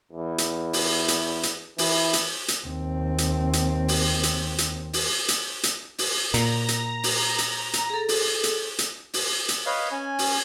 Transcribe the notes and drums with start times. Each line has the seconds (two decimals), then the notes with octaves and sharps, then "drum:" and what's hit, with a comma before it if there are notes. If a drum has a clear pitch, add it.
0.12 E2
0.38 drum: hi-hat
0.73 drum: open hi-hat
1.08 drum: hi-hat
1.43 drum: hi-hat
1.78 E3, drum: open hi-hat
2.13 drum: hi-hat
2.48 drum: hi-hat
2.66 D#2 C4
3.18 drum: hi-hat
3.53 drum: hi-hat
3.88 drum: open hi-hat
4.23 drum: hi-hat
4.58 drum: hi-hat
4.93 drum: open hi-hat
5.28 drum: hi-hat
5.63 drum: hi-hat
5.98 drum: open hi-hat
6.34 A#2 A#5, drum: hi-hat
6.68 drum: hi-hat
7.03 drum: open hi-hat
7.38 drum: hi-hat
7.73 drum: hi-hat
7.90 G#4 A4
8.08 drum: open hi-hat
8.43 drum: hi-hat
8.79 drum: hi-hat
9.14 drum: open hi-hat
9.49 drum: hi-hat
9.66 B4 C#5 D#5 F5
9.92 C#4 G#5
10.19 drum: open hi-hat